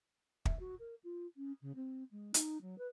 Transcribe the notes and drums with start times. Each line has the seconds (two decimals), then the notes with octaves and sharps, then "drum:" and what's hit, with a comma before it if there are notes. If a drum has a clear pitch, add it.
0.45 E5, drum: kick
0.60 F#4
0.79 A#4
1.04 F4
1.36 C#4
1.61 C#3
1.75 C4
2.11 G#3
2.34 D#4, drum: hi-hat
2.61 F#3
2.78 B4